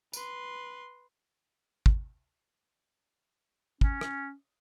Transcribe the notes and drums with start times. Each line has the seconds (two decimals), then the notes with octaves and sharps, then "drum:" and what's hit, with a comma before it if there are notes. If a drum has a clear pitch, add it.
0.13 B4 C6, drum: tambourine
1.86 drum: kick
3.81 C#4, drum: kick
4.01 drum: rim click